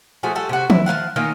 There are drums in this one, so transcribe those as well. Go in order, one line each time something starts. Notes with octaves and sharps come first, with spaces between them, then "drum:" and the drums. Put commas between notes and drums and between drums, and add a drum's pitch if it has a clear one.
F3 A3 F#4 G#4
G3 F#4 A4
C3 F#4
E4, drum: tom D#3
F3 B3 F5 F#5
D#3 A#3 C#4 F4